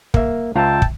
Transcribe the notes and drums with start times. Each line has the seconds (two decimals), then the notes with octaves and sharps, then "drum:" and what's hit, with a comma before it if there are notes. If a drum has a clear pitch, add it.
0.14 A#3 E5, drum: kick
0.56 C#2 F4 E5 G5 A5 A#5
0.82 drum: kick